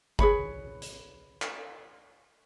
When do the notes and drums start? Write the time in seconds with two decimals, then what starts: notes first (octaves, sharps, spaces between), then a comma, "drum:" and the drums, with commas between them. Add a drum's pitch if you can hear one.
0.19 G#4 B4 C#5 B5, drum: kick G1
0.82 drum: hi-hat
1.42 drum: clap